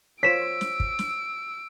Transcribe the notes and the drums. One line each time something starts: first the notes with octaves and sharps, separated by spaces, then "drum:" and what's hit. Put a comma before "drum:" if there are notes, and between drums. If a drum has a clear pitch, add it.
F4 C5 C#5 E6 B6 D7 E7
drum: snare
drum: kick
drum: snare